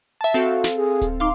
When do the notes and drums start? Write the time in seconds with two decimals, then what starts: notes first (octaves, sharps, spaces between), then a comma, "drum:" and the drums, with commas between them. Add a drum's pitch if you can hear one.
0.21 E5 A5
0.34 C4 F#4 A4 F5
0.64 drum: snare
0.77 G#4
1.01 drum: kick D1, hi-hat
1.20 D#4 F5 C6 D6